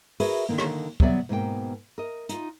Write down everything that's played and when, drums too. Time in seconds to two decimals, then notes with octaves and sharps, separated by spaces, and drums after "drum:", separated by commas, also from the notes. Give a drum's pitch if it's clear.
0.20 F#4 G#4 A#4 B4 C#5 E5, drum: open hi-hat
0.49 D3 D#3 A#3
0.58 drum: rim click
1.00 F#3 G3 B3 C#5 D5 E5, drum: kick
1.29 G#2 B2 A#3 G5
1.98 A#4 D#5
2.29 D#4 F4, drum: hi-hat